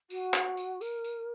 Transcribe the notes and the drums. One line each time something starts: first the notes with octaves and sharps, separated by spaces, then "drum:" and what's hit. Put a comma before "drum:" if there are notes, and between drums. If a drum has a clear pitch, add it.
F#4, drum: tambourine
drum: clap
drum: tambourine
A#4, drum: tambourine
drum: tambourine